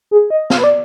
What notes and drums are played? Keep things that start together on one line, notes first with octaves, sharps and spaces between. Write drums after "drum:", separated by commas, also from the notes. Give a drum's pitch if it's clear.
G#4
D#5
F5, drum: snare
B4
D5